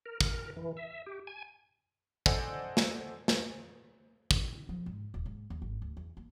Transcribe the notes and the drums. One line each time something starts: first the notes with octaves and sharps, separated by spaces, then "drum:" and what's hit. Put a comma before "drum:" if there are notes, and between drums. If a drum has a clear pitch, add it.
A#4
A#4, drum: kick
E3
E5
G4
G#5
A4 C5 D5 D#5 F#5 G#5, drum: kick
drum: snare
drum: snare
drum: kick
F3
G#2
D#1
G#2
D#2
G#1
D2
E2
A#3